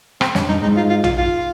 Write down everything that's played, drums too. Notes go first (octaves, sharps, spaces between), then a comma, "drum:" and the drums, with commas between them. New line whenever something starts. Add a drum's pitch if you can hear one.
C4, drum: rim click
G2 C#4, drum: snare
G2 D#4
G#2 D#4
F4
F4
F4, drum: tom A#1
F4